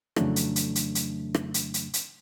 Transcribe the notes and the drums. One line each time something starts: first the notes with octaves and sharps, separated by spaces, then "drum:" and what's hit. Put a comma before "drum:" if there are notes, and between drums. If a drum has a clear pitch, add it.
F2 C#3 E3 F#3 A3 D4, drum: rim click
drum: hi-hat
drum: hi-hat
drum: hi-hat
drum: hi-hat
drum: rim click
drum: hi-hat
drum: hi-hat
drum: hi-hat